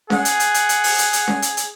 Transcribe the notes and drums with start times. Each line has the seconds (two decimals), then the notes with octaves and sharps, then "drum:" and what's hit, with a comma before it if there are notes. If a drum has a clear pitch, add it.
0.10 G#4 F#5, drum: snare C#4
0.25 drum: hi-hat
0.40 drum: hi-hat
0.54 drum: hi-hat
0.69 drum: hi-hat
0.84 drum: open hi-hat
0.98 drum: hi-hat
1.13 drum: hi-hat
1.28 drum: snare C#4
1.42 drum: hi-hat
1.57 drum: hi-hat